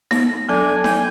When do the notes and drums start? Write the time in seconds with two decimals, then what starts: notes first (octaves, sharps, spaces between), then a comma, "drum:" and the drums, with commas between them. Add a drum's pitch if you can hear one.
0.11 B3, drum: snare D#4
0.49 F#3 D4 A4 G#5
0.84 G5 G#5, drum: snare D#4